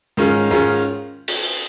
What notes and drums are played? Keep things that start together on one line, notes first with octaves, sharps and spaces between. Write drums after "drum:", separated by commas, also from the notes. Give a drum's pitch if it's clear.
G#2 D#3 G#3 C#4 F4
G#2 D#3 G#3 C#4 F4
drum: cymbal